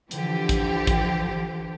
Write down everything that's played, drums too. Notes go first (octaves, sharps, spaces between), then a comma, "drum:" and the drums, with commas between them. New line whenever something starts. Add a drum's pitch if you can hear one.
D3 E3 F3 G4, drum: hi-hat
drum: kick, hi-hat
drum: kick, hi-hat